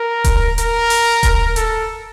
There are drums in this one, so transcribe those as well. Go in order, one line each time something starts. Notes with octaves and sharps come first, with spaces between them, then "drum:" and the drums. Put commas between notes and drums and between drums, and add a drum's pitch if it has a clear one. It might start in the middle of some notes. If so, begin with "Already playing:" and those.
Already playing: A#4
drum: kick D#1, hi-hat
A#4, drum: hi-hat
drum: open hi-hat
drum: kick D#1, hi-hat
A4, drum: hi-hat